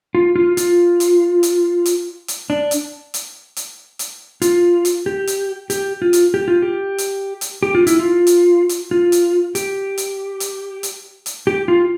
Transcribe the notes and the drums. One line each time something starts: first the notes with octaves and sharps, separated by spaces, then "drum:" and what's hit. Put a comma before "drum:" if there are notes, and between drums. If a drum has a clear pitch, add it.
F4
F4
F4, drum: hi-hat
drum: hi-hat
drum: hi-hat
drum: hi-hat
drum: hi-hat
D4
drum: hi-hat
drum: hi-hat
drum: hi-hat
drum: hi-hat
F4, drum: hi-hat
drum: hi-hat
G4
drum: hi-hat
G4, drum: hi-hat
F4
drum: hi-hat
G4
F4
G4
drum: hi-hat
drum: hi-hat
G4
F4
E4, drum: hi-hat
F4
drum: hi-hat
drum: hi-hat
F4
drum: hi-hat
G4, drum: hi-hat
drum: hi-hat
drum: hi-hat
drum: hi-hat
drum: hi-hat
G4
F4